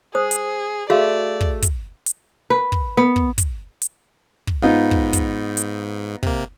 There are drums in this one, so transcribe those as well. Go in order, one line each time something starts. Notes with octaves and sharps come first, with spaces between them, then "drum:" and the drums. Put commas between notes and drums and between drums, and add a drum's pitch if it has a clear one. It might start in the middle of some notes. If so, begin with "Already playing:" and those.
G#4 C5 D#6
drum: hi-hat
A3 F#4 G#4 D5 F5
drum: kick
drum: kick, hi-hat
drum: hi-hat
B4
drum: kick
B3
drum: kick
drum: kick, hi-hat
drum: hi-hat
drum: kick
G#2 B3 D#4 F4
drum: kick
drum: kick, hi-hat
drum: hi-hat
C3 A#3, drum: kick